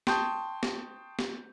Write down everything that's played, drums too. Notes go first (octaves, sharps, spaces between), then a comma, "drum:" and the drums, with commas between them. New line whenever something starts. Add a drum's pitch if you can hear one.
G5 A5 C6 C#6 D#6 G6, drum: snare
drum: snare
drum: snare